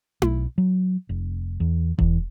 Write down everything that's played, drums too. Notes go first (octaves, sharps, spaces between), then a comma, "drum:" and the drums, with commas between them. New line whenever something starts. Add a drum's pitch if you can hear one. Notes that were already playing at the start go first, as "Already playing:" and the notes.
B1, drum: tom E4
F#3
F1
E2
E2, drum: kick E1